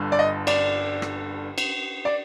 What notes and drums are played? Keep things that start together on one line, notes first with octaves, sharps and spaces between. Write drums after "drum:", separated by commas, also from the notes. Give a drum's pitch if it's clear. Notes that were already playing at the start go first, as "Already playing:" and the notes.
Already playing: G1 G2 D3
D5
D#5
D5, drum: cymbal
drum: rim click
drum: cymbal
D5